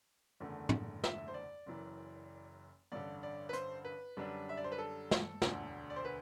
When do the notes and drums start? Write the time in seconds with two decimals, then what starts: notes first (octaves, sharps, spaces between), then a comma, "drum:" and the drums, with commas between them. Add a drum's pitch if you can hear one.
0.40 F#1 E2 D3 A3
0.69 drum: tom
1.04 E5, drum: snare
1.28 C5
1.34 D5
1.66 F#1 F#2 E3
2.92 A1 G2 D3 D5
3.23 D5
3.49 B4
3.53 C5, drum: hi-hat
3.85 B4
4.17 F#2 D3 G3 D4
4.49 E5
4.57 D5
4.64 C5
4.72 B4
4.78 A4
5.11 drum: snare
5.42 E1 D2 D3, drum: snare
5.90 D5
5.96 C5
6.05 B4